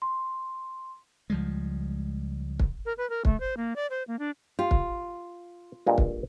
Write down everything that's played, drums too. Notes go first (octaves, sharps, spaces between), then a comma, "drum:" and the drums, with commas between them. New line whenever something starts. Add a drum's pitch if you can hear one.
C6
C#2 F3 G3 G#3
drum: kick
A#4
B4
A#4
A3, drum: kick
C5
A#3
D5
C5
A#3
D4
F4 G4
drum: kick
G2 A#2 G#3
drum: kick